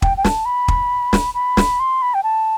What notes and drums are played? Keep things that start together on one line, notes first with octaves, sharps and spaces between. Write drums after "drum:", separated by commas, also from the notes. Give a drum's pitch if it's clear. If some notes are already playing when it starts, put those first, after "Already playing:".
G5, drum: kick
G5
A5, drum: snare
B5
drum: kick
drum: snare
B5
drum: snare
C6
B5
G5
A5